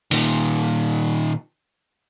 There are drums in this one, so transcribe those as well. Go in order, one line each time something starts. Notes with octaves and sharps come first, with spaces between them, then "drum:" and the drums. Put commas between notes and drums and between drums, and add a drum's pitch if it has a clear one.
A#2 D#3, drum: open hi-hat